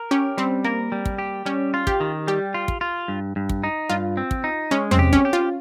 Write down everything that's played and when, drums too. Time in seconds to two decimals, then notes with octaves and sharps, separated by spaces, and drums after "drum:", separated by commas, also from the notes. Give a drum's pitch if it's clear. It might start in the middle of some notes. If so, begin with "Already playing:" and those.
Already playing: A#4
0.11 C#4 G4
0.38 G3 C4
0.64 A#3 A#4
0.92 G3
1.05 drum: kick
1.18 G4
1.46 G3 C#4
1.74 F4
1.87 G4, drum: kick
2.00 D#3
2.27 G3 G4
2.54 F4
2.68 drum: kick
2.81 F4
3.08 G2
3.36 G2
3.49 drum: kick
3.64 D#4
3.89 G2 F4
4.17 C4
4.31 drum: kick
4.44 D#4
4.71 G#3 C#4
4.91 C4, drum: tom E2
4.99 G4
5.13 C#4, drum: kick
5.25 G4
5.33 F4